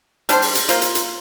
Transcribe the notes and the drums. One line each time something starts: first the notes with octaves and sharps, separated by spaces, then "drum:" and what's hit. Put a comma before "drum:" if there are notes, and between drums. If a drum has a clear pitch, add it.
G3 D4 A4 C5, drum: hi-hat
drum: open hi-hat
drum: hi-hat
A#3 F4 C5, drum: hi-hat
drum: hi-hat
drum: hi-hat